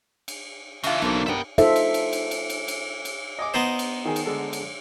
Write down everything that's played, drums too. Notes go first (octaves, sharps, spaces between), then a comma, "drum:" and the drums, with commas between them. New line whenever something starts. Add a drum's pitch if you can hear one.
drum: cymbal
C#3 E3 D4 F4 D#5 E5, drum: cymbal
B1 A#3 A4 C5 D5
G2 B3 A#4 E5 G5
D#4 F4 A4 C5 E5, drum: cymbal
drum: cymbal
drum: cymbal
drum: cymbal
drum: cymbal
drum: cymbal
drum: cymbal
drum: cymbal
D#5 G#5 D6
B3 D#4 C5
drum: cymbal
D#3 G#4
drum: cymbal
D3 G#3 A4
drum: cymbal